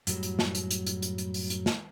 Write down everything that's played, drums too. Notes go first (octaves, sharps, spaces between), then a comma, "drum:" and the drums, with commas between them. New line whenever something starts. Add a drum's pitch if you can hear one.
F#2 A2 F#3 G3, drum: hi-hat
drum: hi-hat
drum: snare
drum: hi-hat
drum: hi-hat
drum: hi-hat
drum: hi-hat
drum: hi-hat
drum: open hi-hat
drum: hi-hat
drum: snare